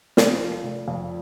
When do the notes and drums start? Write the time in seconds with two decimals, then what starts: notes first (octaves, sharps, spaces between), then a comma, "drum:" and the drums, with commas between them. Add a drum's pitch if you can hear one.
0.17 F1, drum: snare
0.41 F3
0.64 F1
0.88 F2